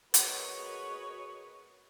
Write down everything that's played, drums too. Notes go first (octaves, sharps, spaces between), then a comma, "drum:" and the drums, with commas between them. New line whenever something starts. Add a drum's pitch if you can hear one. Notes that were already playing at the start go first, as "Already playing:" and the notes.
F#4 G#4 A#4 B4 C#5 D#5, drum: hi-hat